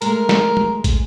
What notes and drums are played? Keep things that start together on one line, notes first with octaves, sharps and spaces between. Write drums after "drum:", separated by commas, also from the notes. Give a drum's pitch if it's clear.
G#3 A3 A#4, drum: hi-hat
drum: snare
drum: tom
drum: kick, hi-hat